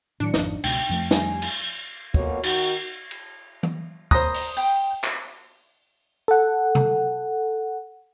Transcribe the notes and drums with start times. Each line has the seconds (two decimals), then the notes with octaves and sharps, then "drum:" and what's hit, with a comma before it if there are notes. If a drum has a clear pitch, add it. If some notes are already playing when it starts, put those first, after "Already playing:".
0.20 A2 D#3 F#3 D4 C#7
0.34 G#1 F2 F3 D4 D#4, drum: snare
0.64 C#2 B2 G5, drum: cymbal
0.89 F2 F3 A3
1.11 G3 D#4 G#5, drum: snare
1.42 drum: cymbal
2.14 F2 B2 A#3 F#4 C#5, drum: kick
2.43 D#3 F#4, drum: cymbal
3.11 drum: cymbal
3.63 drum: tom E3
4.11 C5 A#5 D#6, drum: kick
4.34 drum: open hi-hat
4.57 G5, drum: tambourine
5.04 drum: clap
6.28 A4 F#5
6.75 drum: tom C3